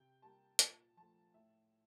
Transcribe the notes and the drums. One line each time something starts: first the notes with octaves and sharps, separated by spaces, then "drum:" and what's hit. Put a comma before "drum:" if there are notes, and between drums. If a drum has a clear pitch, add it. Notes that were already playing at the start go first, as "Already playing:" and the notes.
Already playing: C3 G5
G3 A#3 A5
A#2 A5, drum: hi-hat
F3 A3 A5
A2 E5